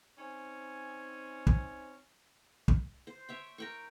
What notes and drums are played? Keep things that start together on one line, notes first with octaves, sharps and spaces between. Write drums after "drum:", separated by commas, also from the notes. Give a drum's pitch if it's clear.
C4 C#4 D#4 G#5
drum: kick
drum: kick
C5
C#5 E5 G5
A#4 G5 C#6